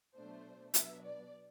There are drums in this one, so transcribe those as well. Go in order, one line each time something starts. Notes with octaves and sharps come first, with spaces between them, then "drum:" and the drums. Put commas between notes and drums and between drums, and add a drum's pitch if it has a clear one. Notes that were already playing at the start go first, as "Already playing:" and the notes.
B2 F#3 A3 D4 C5
B2 F#3 B3 D4 E5, drum: hi-hat
D5